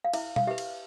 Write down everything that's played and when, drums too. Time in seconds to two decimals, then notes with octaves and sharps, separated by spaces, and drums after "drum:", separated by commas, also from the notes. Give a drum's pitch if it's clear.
0.04 F5
0.13 E4 E5, drum: cymbal
0.36 F5, drum: tom
0.47 G4 B4 E5
0.58 drum: cymbal